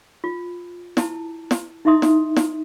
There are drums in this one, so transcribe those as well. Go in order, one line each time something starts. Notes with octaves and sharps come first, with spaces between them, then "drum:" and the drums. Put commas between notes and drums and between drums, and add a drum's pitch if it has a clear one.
F4
E4 A5, drum: snare
drum: snare
D#4 E4 D#5 E5 C6 D#6
drum: snare
drum: snare